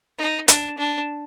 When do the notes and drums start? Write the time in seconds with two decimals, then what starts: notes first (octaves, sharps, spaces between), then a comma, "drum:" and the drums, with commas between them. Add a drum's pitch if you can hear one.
0.19 D#4
0.48 D4, drum: hi-hat
0.78 D4